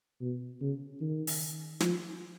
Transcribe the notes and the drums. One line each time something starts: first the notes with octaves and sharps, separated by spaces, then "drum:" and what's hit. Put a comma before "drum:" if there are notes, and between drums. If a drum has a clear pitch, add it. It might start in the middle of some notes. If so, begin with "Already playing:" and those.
B2
C#3
D#3
drum: open hi-hat
F3, drum: snare